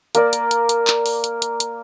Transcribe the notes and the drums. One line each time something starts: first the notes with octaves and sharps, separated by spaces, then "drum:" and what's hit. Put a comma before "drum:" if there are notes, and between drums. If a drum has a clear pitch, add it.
A#3 A#4 D5, drum: hi-hat
drum: hi-hat
drum: hi-hat
drum: hi-hat
drum: clap
drum: open hi-hat
drum: hi-hat
drum: hi-hat
drum: hi-hat